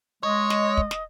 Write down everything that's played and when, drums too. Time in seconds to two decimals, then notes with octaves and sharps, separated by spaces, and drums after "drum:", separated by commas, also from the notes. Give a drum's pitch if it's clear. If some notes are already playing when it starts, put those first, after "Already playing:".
0.23 G#3 C#5 D#5
0.50 drum: snare
0.77 drum: kick
0.91 drum: snare